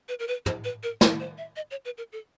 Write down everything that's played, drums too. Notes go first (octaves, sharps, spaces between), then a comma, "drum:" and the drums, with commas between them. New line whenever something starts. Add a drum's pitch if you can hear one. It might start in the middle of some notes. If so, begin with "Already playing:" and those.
B4
A#4
B4
C5, drum: tom
B4
A#4
C5, drum: snare
C5
E5
D#5
C#5
B4
A#4
A4